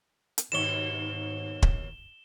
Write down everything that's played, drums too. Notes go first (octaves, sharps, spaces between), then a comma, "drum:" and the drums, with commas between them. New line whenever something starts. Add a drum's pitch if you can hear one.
drum: hi-hat
D#2 G#2 B2 C#5 E7 G7
drum: kick